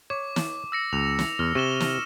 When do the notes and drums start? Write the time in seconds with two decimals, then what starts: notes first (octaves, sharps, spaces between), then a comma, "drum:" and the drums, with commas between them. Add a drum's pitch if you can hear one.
0.10 C#5 D6
0.36 drum: snare
0.72 E6 A#6 C#7
0.93 C#2 F7
1.19 drum: snare
1.39 E2 F6
1.55 C3 C#6 E7 G7
1.80 drum: snare